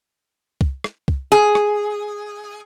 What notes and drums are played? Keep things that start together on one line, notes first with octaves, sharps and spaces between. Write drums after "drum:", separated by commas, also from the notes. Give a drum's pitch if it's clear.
drum: kick
drum: rim click
drum: kick
G#4
drum: rim click